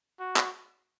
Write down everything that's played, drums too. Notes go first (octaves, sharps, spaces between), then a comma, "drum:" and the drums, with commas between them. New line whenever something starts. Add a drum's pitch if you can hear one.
F#4
drum: clap